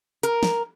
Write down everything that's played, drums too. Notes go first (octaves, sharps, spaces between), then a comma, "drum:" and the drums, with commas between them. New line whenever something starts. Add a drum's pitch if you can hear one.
A#4, drum: hi-hat
drum: snare